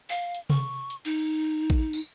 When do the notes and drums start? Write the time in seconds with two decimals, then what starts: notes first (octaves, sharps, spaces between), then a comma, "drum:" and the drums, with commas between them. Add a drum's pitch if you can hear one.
0.10 F5, drum: open hi-hat
0.35 drum: hi-hat
0.50 C#6, drum: tom C3
0.90 drum: hi-hat
1.05 D#4, drum: cymbal
1.70 drum: kick A1
1.93 drum: tambourine